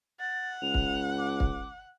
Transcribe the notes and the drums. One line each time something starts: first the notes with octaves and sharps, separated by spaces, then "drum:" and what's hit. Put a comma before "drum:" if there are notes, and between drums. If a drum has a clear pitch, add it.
F#5 A6
C#2 F7
drum: kick
D6
drum: kick